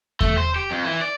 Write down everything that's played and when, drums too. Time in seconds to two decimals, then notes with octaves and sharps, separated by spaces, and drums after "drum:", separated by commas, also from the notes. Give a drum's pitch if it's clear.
0.21 A3, drum: kick E2
0.38 C5
0.56 G4
0.71 F2
0.85 E3
1.01 D5